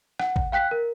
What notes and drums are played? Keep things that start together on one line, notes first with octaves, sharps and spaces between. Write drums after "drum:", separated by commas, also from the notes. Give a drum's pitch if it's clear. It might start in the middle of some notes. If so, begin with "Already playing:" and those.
F#5, drum: rim click
drum: kick A1
F5 G5 F#6 B6
A#4